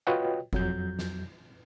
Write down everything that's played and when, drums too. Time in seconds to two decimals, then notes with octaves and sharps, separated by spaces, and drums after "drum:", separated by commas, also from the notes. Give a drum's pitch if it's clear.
0.07 F4 F#4 B4 C#5 D#5 G5
0.53 F2 F#3 G6, drum: kick F#1
0.99 drum: snare